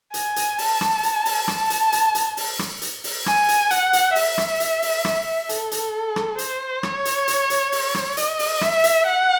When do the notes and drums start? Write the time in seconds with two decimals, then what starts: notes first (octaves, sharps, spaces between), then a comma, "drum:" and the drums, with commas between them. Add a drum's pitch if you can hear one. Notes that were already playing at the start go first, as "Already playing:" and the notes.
0.14 G#5, drum: hi-hat
0.36 drum: hi-hat
0.58 A5, drum: open hi-hat
0.81 drum: rim click
1.03 drum: hi-hat
1.25 drum: open hi-hat
1.48 A5, drum: rim click
1.70 drum: hi-hat
1.92 drum: hi-hat
2.15 drum: hi-hat
2.37 drum: open hi-hat
2.59 drum: rim click
2.82 drum: hi-hat
3.04 drum: open hi-hat
3.26 G#5, drum: rim click
3.48 drum: hi-hat
3.71 F#5, drum: hi-hat
3.93 drum: hi-hat
4.15 E5, drum: open hi-hat
4.38 drum: rim click
4.60 drum: hi-hat
4.82 drum: open hi-hat
5.05 drum: rim click
5.49 A4, drum: hi-hat
5.71 drum: hi-hat
6.16 drum: rim click
6.38 C5, drum: hi-hat
6.83 C#5, drum: rim click
7.05 drum: hi-hat
7.28 drum: hi-hat
7.50 drum: hi-hat
7.72 drum: open hi-hat
7.95 drum: rim click
8.17 D#5, drum: hi-hat
8.39 drum: open hi-hat
8.61 E5, drum: rim click
8.84 drum: hi-hat
9.06 F#5